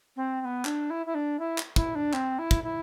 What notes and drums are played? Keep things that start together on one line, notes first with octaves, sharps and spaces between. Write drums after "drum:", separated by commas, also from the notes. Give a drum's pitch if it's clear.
C4
C4
B3
D4, drum: clap
E4
E4
D4
E4
drum: clap
E4, drum: kick
D4
C4, drum: clap
E4
drum: kick
E4